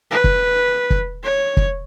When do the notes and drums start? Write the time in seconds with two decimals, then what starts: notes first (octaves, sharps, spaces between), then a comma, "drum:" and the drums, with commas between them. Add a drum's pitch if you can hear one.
0.11 B4
0.24 drum: kick
0.90 drum: kick
1.24 C#5
1.57 drum: kick